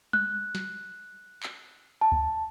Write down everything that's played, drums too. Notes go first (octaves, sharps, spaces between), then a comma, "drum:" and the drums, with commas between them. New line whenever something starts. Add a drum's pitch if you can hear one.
F#6, drum: tom G3
drum: snare
drum: clap
A5
drum: kick D2